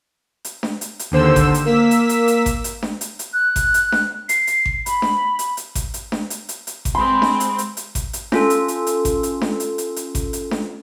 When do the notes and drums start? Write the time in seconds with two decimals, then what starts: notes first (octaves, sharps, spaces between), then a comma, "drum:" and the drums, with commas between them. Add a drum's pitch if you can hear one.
0.45 drum: hi-hat
0.63 drum: snare D4
0.81 drum: hi-hat
0.99 drum: hi-hat
1.11 D#2 D3 C5 E6
1.36 drum: kick G#1, hi-hat
1.54 drum: hi-hat
1.65 A#3 E6 B6
1.91 drum: hi-hat
2.09 drum: hi-hat
2.28 drum: hi-hat
2.46 drum: kick G#1, hi-hat
2.64 drum: hi-hat
2.82 drum: snare D4
3.01 drum: hi-hat
3.19 drum: hi-hat
3.33 F#6
3.56 drum: kick G#1, hi-hat
3.74 drum: hi-hat
3.92 drum: snare D4
4.29 C7, drum: hi-hat
4.47 drum: hi-hat
4.66 drum: kick G#1
4.86 B5, drum: hi-hat
5.02 drum: snare D4
5.39 drum: hi-hat
5.57 drum: hi-hat
5.75 drum: kick G#1, hi-hat
5.94 drum: hi-hat
6.12 drum: snare D4
6.30 drum: hi-hat
6.49 drum: hi-hat
6.67 drum: hi-hat
6.85 drum: kick G#1, hi-hat
6.95 G#3 C4 B5 C6
7.22 drum: snare D4
7.40 drum: hi-hat
7.58 drum: hi-hat
7.77 drum: hi-hat
7.95 drum: kick G#1, hi-hat
8.13 drum: hi-hat
8.32 C#4 F4 A4, drum: snare D4
8.50 drum: hi-hat
8.68 drum: hi-hat
8.87 drum: hi-hat
9.05 drum: kick G#1, hi-hat
9.23 drum: hi-hat
9.41 drum: snare D4
9.60 drum: hi-hat
9.78 drum: hi-hat
9.96 drum: hi-hat
10.15 drum: kick G#1, hi-hat
10.33 drum: hi-hat
10.51 drum: snare D4